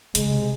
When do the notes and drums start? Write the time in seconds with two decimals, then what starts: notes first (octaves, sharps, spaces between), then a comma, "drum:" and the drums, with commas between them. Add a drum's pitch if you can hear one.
0.15 C#3 G#3, drum: hi-hat
0.31 C3